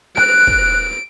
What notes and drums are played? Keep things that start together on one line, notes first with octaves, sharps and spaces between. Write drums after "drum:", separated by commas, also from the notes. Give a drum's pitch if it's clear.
F#6 D7, drum: rim click
drum: kick